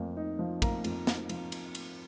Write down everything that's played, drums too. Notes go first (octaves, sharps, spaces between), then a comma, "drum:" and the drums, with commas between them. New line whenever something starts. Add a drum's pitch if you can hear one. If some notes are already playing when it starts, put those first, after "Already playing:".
Already playing: F2 A#3
D#4
F3
A#3 A#5, drum: kick, cymbal
F2, drum: cymbal
D#4, drum: snare
F3, drum: cymbal
drum: cymbal
drum: cymbal